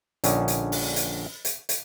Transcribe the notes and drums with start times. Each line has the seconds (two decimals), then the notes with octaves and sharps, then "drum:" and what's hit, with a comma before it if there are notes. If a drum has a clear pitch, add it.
0.24 A#1 D3 C#4 D#4, drum: hi-hat
0.48 drum: hi-hat
0.72 drum: open hi-hat
0.96 drum: hi-hat
1.45 drum: hi-hat
1.69 drum: hi-hat